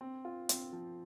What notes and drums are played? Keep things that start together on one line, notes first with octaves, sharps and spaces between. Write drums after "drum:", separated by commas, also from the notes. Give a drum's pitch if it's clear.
C4
F4
C4, drum: hi-hat
F3